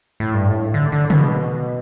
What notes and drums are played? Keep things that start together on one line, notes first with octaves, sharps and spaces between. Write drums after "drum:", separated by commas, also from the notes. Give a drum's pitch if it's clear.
A2
G2
A2
D3
D3
B2, drum: tom C#3